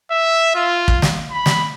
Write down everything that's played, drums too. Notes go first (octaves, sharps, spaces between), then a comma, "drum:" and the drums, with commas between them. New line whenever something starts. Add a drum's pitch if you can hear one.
E5
F4
drum: kick
drum: snare
B5
drum: snare